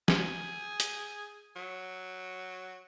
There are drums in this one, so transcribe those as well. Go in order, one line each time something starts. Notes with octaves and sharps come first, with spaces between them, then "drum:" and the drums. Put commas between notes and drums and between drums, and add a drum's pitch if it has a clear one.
G#4, drum: snare
drum: hi-hat
F#3